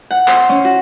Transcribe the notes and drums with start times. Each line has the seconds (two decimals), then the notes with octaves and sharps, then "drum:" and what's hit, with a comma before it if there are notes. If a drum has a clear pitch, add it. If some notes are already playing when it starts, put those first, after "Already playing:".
0.11 F#5
0.28 C5, drum: clap
0.49 C#4
0.65 F#4